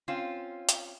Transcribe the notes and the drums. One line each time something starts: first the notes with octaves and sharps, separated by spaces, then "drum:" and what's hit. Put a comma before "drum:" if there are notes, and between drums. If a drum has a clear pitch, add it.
C4 C#4 F4 F5
drum: hi-hat